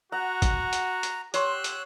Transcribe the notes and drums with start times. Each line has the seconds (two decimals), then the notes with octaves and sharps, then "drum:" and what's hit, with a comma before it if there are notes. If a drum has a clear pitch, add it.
0.12 F#4 F#5 A#5
0.42 drum: kick, hi-hat
0.73 drum: hi-hat
1.03 drum: hi-hat
1.34 G4 C#5 C6 E6 F#6, drum: hi-hat
1.64 drum: hi-hat